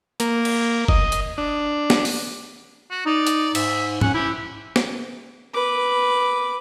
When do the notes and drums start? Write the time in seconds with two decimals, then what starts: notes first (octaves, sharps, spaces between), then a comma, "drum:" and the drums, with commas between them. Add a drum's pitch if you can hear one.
0.20 A#3, drum: hi-hat
0.45 drum: cymbal
0.88 D#5, drum: kick F#1
1.12 drum: hi-hat
1.38 D4
1.90 drum: snare
2.05 drum: open hi-hat
2.91 F#4
3.06 D#4 D5
3.27 drum: hi-hat
3.55 G#2 E5, drum: cymbal
4.01 C#4 F#5, drum: tom G#2
4.14 E4 G4
4.76 drum: snare
5.54 B4 D6